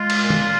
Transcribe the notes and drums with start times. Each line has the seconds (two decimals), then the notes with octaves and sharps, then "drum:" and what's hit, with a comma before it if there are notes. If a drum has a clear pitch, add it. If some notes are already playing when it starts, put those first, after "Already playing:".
Already playing: G#3 F4
0.10 drum: cymbal
0.20 A#2
0.30 drum: tom